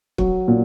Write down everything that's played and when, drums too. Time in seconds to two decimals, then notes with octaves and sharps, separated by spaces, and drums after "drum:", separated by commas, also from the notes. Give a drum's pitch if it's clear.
0.18 F#3, drum: kick
0.48 A#2